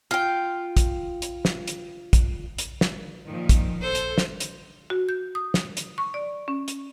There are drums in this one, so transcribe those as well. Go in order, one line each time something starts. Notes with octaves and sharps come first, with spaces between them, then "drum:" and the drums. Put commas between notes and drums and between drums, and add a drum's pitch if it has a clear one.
F4 G5
drum: kick, hi-hat
drum: hi-hat
drum: snare
drum: hi-hat
drum: kick, hi-hat
drum: hi-hat
drum: snare
A#2 D#3 F3
drum: kick, hi-hat
A4 C5
drum: hi-hat
drum: snare
drum: hi-hat
F#4
G6
D#6
drum: snare
drum: hi-hat
C#6
D5
C#4
drum: hi-hat